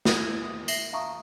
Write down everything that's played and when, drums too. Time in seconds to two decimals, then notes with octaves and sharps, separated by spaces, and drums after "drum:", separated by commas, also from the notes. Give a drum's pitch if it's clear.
0.05 D#6 G#6, drum: snare
0.44 D#6
0.68 E5 A#6 C7 E7 F#7 G7, drum: tambourine
0.93 E5 F5 A5 A#5 C#6 D#6